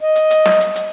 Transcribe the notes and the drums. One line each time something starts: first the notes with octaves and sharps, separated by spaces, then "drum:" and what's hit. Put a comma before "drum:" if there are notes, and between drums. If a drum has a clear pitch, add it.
D#5
drum: hi-hat
drum: hi-hat
drum: snare
drum: hi-hat
drum: hi-hat